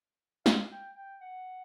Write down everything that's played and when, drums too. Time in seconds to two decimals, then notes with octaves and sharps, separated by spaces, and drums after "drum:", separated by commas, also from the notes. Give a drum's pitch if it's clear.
0.46 F5, drum: snare
0.71 G5
0.96 G5
1.21 F#5